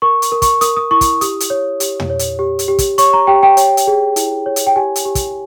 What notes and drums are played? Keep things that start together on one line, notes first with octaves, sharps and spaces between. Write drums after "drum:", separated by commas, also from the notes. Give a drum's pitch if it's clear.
A#4 C#6
drum: hi-hat
A#4
C#6, drum: kick, hi-hat
A#4 D#6, drum: hi-hat
D#6
E4 C#6
drum: kick, hi-hat
G4 D#6, drum: hi-hat
drum: hi-hat
C#5
G4, drum: hi-hat
drum: tom
C#5
drum: hi-hat
G4
drum: hi-hat
G4
drum: kick, hi-hat
C#5 C#6, drum: hi-hat
A#5
G4 G5
G5
C#5, drum: hi-hat
drum: hi-hat
G#4
E4, drum: hi-hat
C#5
drum: hi-hat
G5
G4 G#5
drum: hi-hat
G4
drum: kick, hi-hat